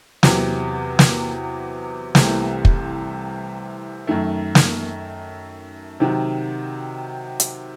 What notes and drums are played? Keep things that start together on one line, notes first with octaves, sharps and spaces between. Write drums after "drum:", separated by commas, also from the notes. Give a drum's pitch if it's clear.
E2 C3 F#3, drum: snare
drum: snare
C2 C3 E3 A3, drum: snare
drum: kick
F#2 D#3 A3
drum: snare
C3 D#3 F#3
drum: hi-hat